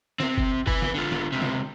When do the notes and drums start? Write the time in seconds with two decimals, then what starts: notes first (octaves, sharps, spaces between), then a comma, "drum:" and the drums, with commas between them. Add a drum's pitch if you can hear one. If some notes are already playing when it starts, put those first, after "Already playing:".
0.20 C3 C4, drum: snare
0.37 drum: kick
0.67 B4 G#5, drum: kick
0.82 drum: snare
0.94 D3 F4
1.12 drum: snare
1.32 C#2 C3
1.42 drum: snare